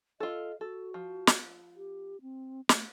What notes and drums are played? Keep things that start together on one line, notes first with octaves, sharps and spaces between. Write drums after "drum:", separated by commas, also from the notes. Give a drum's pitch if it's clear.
F4 A4 D#5
F#4 A4
F3
drum: snare
G4
C4
A3, drum: snare